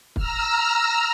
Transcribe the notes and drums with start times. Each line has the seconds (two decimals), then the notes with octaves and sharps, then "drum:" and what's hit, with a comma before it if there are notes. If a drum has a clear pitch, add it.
0.16 A#5 E6 F6, drum: kick